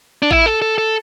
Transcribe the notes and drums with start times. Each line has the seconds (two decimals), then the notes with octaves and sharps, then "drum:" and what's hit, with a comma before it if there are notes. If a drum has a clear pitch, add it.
0.22 D4
0.31 E4, drum: kick A1
0.46 A4
0.62 A4
0.78 A4